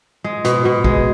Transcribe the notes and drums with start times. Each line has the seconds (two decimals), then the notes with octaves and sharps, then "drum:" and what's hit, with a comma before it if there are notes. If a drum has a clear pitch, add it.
0.24 G#3
0.45 B2, drum: hi-hat
0.65 B2
0.84 G#3, drum: kick A#1